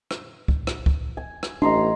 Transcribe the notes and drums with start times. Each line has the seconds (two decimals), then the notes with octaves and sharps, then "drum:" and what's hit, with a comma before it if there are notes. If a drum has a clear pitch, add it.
0.11 drum: rim click
0.48 drum: kick C#2
0.67 drum: rim click
0.86 drum: kick C#2
1.17 G#5
1.43 drum: rim click
1.62 A1 D4 D#5 A#5 C6